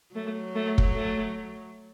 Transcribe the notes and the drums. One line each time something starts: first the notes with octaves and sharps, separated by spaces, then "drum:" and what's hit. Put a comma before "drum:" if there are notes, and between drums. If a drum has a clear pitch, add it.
F#3 A3
A3
drum: kick
A3